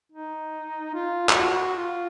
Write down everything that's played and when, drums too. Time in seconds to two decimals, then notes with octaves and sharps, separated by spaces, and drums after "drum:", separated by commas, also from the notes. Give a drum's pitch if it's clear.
0.12 D#4
0.94 F4
1.29 F4, drum: clap
1.35 F#4
1.76 F4